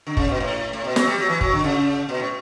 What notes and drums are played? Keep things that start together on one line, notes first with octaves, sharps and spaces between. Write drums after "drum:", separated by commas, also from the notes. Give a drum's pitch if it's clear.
D3
C#3, drum: kick
B2
A2
A2
B2
F#3, drum: snare
G3
F#3
E3
F#3, drum: kick
D3
C#3
B2
A2